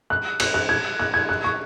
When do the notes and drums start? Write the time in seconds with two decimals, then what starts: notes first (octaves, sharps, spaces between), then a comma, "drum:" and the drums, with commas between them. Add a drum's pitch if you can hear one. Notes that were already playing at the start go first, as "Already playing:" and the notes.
0.10 F#6
0.40 F#6, drum: cymbal
0.54 F#6
0.69 G#6
0.99 F#6
1.14 G#6
1.29 F#6
1.44 C#6